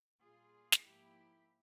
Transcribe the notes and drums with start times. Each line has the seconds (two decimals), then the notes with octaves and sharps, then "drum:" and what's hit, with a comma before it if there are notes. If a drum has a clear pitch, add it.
0.23 A#2 G3 A#3 F4 G#4
0.72 drum: snare
0.84 G#2 F3 A#3 E4 G4